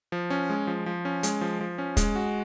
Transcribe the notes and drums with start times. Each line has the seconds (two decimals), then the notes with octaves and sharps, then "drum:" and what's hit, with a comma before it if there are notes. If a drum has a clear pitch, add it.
0.12 F3
0.30 C#4
0.50 G#3
0.67 F3
0.86 F3
1.05 C#4
1.23 G#3, drum: hi-hat
1.41 F3
1.61 F3
1.78 C#4
1.97 G#3, drum: kick, hi-hat
2.16 F#4